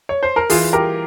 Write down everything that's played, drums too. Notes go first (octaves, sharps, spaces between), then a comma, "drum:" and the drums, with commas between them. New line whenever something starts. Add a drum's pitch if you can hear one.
C#5
C5
A#4
E3 F4 G#4, drum: open hi-hat
G4 A#4